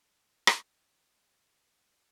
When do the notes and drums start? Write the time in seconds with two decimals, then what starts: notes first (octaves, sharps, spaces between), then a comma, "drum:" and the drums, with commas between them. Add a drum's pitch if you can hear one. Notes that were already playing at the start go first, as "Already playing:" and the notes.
0.02 C#5 G5
0.47 drum: rim click